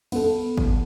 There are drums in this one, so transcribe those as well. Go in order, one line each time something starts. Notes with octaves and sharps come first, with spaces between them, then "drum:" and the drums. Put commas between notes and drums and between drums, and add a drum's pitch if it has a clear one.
B3 A4, drum: cymbal
drum: kick G#1